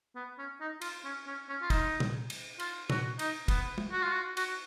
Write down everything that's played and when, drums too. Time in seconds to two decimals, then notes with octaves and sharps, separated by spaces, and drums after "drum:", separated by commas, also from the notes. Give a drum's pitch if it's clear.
0.16 B3
0.38 C#4
0.61 D#4
0.81 F4, drum: cymbal
1.05 C#4
1.27 C#4
1.49 C#4
1.62 F4
1.70 D#4, drum: kick, cymbal
2.00 drum: tom
2.30 drum: cymbal
2.60 F4, drum: cymbal
2.90 F#4, drum: tom
3.19 D#4, drum: cymbal
3.48 B3, drum: kick, cymbal
3.78 drum: tom
3.92 F#4
4.02 F4
4.12 F#4
4.37 F#4, drum: cymbal